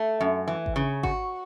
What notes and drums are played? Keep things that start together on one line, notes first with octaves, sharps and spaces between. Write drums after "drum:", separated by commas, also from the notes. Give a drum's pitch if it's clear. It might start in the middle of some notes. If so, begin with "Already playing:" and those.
Already playing: A3
F#2
E3
drum: kick G#1
C#3
F#4, drum: kick G#1